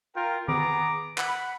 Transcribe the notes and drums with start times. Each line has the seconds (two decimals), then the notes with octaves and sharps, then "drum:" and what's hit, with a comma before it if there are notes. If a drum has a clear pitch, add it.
0.16 F4 A#4 G5
0.48 B3 G#4 A#5 D6, drum: tom D#3
1.18 F#5 B5, drum: clap